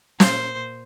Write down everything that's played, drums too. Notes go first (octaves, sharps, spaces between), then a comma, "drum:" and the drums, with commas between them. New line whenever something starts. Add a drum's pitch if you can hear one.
A#2 C5, drum: snare